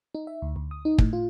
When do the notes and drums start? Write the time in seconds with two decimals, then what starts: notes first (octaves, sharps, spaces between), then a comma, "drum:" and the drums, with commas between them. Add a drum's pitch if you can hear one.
0.15 D#4
0.27 E5
0.42 D2
0.56 D2
0.71 D#6
0.85 D#4
0.98 A2, drum: kick
1.13 F4